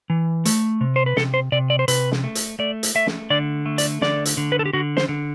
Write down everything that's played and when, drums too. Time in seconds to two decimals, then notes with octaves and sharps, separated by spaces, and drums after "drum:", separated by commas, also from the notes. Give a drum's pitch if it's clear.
0.10 E3
0.45 A3, drum: hi-hat
0.81 C3
0.96 C5
1.06 B4
1.16 C3 A4, drum: snare
1.34 C5
1.52 C3 D5
1.70 D5
1.79 C5
1.88 C3 B4, drum: hi-hat
2.12 drum: snare
2.24 A3
2.35 drum: hi-hat
2.59 A3 D5
2.83 drum: hi-hat
2.95 A3 E5
3.07 drum: snare
3.30 D3 D5
3.66 A3
3.78 D5, drum: hi-hat
4.02 D3 D5, drum: snare
4.25 drum: hi-hat
4.37 D3
4.52 B4
4.59 A4
4.66 G4
4.73 D3 F#4
4.97 C5, drum: snare
5.09 D3